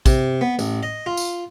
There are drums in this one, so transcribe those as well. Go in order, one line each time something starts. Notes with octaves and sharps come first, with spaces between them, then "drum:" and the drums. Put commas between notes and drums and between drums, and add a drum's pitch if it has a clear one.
C3, drum: kick, tambourine
B3
A1, drum: tambourine
D#5
F4
drum: tambourine